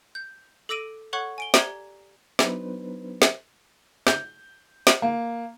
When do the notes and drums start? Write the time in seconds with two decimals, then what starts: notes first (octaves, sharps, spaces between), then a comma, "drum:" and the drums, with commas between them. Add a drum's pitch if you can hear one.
0.15 G6
0.69 A4 D6 E6 A#6 D7 D#7
1.13 A4 C#5 F#5 C#6 F#6 G#6
1.38 G#5 D7 G7
1.54 G4 D5 A#5 G#6 G7, drum: snare
2.39 F#3 B3 D4 D#4 B4 C5, drum: snare
3.22 drum: snare
4.07 G6, drum: snare
4.87 drum: snare
5.02 A#3